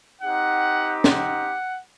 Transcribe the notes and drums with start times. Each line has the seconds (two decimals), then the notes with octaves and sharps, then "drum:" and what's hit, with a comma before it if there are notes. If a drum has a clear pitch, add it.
0.22 C4 D#4 G4 F#5
1.04 F#5, drum: snare